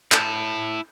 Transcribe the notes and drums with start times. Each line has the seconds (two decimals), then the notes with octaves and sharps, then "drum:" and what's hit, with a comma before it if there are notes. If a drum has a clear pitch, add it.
0.12 E4 A5, drum: clap